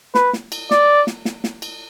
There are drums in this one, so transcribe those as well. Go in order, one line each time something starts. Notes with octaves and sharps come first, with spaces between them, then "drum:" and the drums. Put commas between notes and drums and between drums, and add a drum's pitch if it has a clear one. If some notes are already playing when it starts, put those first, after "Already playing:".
B4, drum: snare
drum: snare
drum: cymbal
D5, drum: snare
drum: snare
drum: snare
drum: snare
drum: cymbal